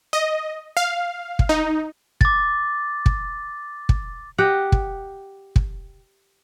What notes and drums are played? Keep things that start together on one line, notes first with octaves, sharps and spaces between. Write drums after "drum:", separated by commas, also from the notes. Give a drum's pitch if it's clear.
D#5
F5
drum: kick
D#4
D6 A6, drum: kick
drum: kick
drum: kick
G4 D#5 F#5
drum: kick
drum: kick